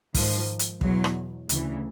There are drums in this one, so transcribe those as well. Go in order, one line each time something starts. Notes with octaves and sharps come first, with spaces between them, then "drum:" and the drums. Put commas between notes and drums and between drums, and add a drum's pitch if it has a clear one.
G#2 D#3 F3, drum: kick, open hi-hat
drum: hi-hat
E2 B2 F#3, drum: kick
drum: rim click
D2 C#3 E3, drum: hi-hat